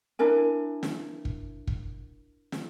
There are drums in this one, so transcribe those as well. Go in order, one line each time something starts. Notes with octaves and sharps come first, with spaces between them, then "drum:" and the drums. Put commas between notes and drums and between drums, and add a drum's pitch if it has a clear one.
D4 E4 A#4 G#5
drum: snare
drum: kick
drum: kick
drum: snare